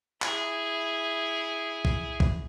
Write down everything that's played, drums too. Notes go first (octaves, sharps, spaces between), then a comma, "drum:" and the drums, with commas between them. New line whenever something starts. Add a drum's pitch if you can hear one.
E4 G#4, drum: clap
drum: kick
drum: kick